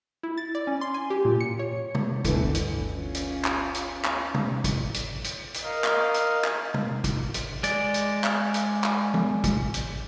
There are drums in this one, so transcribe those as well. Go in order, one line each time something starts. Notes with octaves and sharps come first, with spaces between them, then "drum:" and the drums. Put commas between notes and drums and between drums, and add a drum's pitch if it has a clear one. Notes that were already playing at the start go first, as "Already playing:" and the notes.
E4
A6
D5
C#4
C6
G#5
G4
A#2
C#7
C#5
drum: tom
G1 D2 D3 E3 B3, drum: kick, hi-hat
drum: hi-hat
C#4 F4
drum: hi-hat
drum: clap
drum: hi-hat
drum: clap
drum: tom
drum: kick, hi-hat
drum: hi-hat
drum: hi-hat
drum: hi-hat
A#4 D#5 F5
drum: clap
drum: hi-hat
drum: clap
drum: tom
drum: kick, hi-hat
drum: hi-hat
G#3 D5, drum: hi-hat
drum: hi-hat
drum: clap
drum: hi-hat
drum: clap
drum: tom
drum: kick, hi-hat
drum: hi-hat